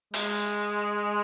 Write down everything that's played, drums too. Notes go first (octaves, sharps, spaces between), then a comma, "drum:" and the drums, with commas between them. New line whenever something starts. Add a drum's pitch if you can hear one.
G#3, drum: hi-hat